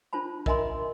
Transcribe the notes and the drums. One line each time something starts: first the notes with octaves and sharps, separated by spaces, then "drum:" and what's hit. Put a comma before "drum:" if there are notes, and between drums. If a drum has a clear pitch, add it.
D4 F4 C5 A5 B5
A#4 D#5 E5 G#5 A#5 C6, drum: kick